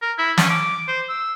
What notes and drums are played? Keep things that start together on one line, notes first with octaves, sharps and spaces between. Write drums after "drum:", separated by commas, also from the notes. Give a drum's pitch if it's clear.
A#4
E4
C#4, drum: snare
D6
C5
E6